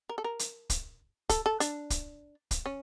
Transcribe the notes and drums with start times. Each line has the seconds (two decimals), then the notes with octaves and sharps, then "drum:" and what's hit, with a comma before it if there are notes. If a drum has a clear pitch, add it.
0.09 A#4
0.18 A4
0.24 A#4
0.39 drum: hi-hat
0.70 drum: kick, hi-hat
1.29 A4, drum: kick, hi-hat
1.46 A4
1.60 D4, drum: hi-hat
1.90 drum: kick, hi-hat
2.51 drum: kick, hi-hat
2.66 C#4